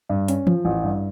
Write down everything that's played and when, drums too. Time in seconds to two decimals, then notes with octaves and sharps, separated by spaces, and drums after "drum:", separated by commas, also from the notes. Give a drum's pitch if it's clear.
0.09 G2
0.28 C#4, drum: hi-hat
0.47 F3, drum: tom E3
0.65 A1
0.83 G2